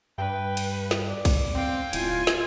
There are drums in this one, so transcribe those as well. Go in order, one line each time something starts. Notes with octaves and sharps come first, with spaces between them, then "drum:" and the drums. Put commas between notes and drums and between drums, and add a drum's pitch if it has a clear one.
G2 B4 G5
drum: cymbal
drum: snare
D5
drum: kick, cymbal
C4 F5 G5
D1 E4 F4 G#5, drum: cymbal
drum: snare